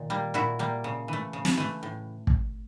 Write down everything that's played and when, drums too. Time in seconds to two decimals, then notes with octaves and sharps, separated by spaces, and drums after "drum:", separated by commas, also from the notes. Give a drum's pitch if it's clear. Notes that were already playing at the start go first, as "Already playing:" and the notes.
Already playing: A#2 D#3
0.10 G3 A#3
0.34 A#2 E4 F#4
0.59 G3 A#3
0.84 C#3
1.08 E3 A3
1.33 C#3
1.45 drum: snare
1.57 E3 A3
1.83 A2
2.27 drum: kick